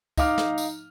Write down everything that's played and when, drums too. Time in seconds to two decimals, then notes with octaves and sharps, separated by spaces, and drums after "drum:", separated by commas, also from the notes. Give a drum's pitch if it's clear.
0.18 D#4 F5 D6 F6, drum: kick, tambourine
0.38 drum: snare
0.58 drum: tambourine